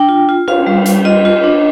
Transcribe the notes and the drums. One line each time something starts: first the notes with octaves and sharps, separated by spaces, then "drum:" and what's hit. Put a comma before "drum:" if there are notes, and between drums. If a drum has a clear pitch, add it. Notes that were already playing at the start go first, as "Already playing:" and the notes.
Already playing: D4 G5
F4
F4
F4 F5, drum: cymbal
G3
G3, drum: hi-hat
F4 D#5
F4
D4